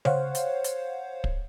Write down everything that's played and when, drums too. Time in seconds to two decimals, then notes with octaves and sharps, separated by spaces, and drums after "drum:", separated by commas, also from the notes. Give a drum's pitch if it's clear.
0.05 C5 C#5 F5 F#5, drum: tom C#3
0.35 drum: hi-hat
0.64 drum: hi-hat
1.24 drum: kick